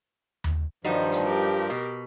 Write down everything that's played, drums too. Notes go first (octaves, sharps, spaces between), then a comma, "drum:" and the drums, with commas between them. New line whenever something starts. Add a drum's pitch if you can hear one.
drum: tom D#2
G2 D#3 F3 G3 D#4 F#4
drum: hi-hat
G4 A#4
B2